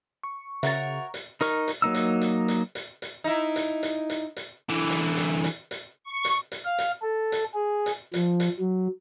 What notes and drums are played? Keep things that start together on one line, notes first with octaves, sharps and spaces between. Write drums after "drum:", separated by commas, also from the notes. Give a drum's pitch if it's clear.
C#6
C#3 F#4 A#4 C#5 E5 A6, drum: hi-hat
drum: hi-hat
D#4 A#4 C#6, drum: hi-hat
drum: hi-hat
F#3 A#3 D#4 E6
drum: hi-hat
drum: hi-hat
drum: hi-hat
drum: hi-hat
drum: hi-hat
D#4 E4
drum: hi-hat
drum: hi-hat
drum: hi-hat
drum: hi-hat
D3 E3
drum: hi-hat
drum: hi-hat
drum: hi-hat
drum: hi-hat
C#6
drum: hi-hat
drum: hi-hat
F5
drum: hi-hat
A4
drum: hi-hat
G#4
drum: hi-hat
F3, drum: hi-hat
drum: hi-hat
F#3